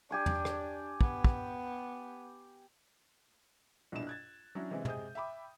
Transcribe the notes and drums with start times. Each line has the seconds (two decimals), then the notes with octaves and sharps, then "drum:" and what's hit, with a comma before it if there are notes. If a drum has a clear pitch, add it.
0.11 D4 G4 G#5 C#6
0.26 drum: tom
0.45 drum: rim click
1.01 B3, drum: kick
1.24 drum: kick
3.92 A#1 G2 B2 E4 E7
4.07 F#6 G#6 A6
4.55 F#3 C#4 D4 E4
4.71 C3 E3 G#3 C4 E4
4.85 C3 G#3 G#4 C5 D#6 G6, drum: tom
5.15 E5 G5 B5 D6